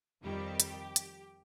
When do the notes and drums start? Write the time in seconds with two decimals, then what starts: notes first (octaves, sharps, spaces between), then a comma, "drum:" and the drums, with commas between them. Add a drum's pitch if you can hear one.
0.23 F2 D#3 G3 G4
0.60 drum: hi-hat
0.96 drum: hi-hat